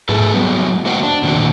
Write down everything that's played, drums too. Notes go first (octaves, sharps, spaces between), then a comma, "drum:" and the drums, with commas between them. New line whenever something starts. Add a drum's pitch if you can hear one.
A3 G#4 A4 B4, drum: tom G#2
F#3 G3 B3
drum: tom G#3
A#3 F#4 C5 D#5 F#5 G5
D4
A#2 D3 D#3 A#3 C4 F#4